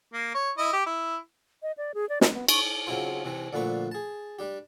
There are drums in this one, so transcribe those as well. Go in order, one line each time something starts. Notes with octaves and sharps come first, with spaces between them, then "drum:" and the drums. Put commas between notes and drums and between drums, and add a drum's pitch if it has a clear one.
A#3
C#5
E4 D#5
G4
E4
D#5
D5
G#4
D5
D#4, drum: snare
B3
C#6, drum: cymbal
C#3 F#3 C4 E4 F4 C5
C3 E3 C4
D2 A#2 D3 F3 B4 C#6
G#4 A5
G3 D4 G4